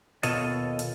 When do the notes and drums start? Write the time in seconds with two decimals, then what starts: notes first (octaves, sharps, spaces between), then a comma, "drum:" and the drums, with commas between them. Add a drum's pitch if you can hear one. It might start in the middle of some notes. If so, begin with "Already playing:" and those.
0.23 D#2 B2 F4 A4 C#5 D#5, drum: hi-hat
0.79 drum: hi-hat